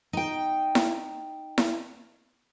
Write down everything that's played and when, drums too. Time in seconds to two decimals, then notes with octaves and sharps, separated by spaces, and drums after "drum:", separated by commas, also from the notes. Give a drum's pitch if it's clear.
0.13 D#4 G5
0.75 drum: snare E4
1.58 drum: snare E4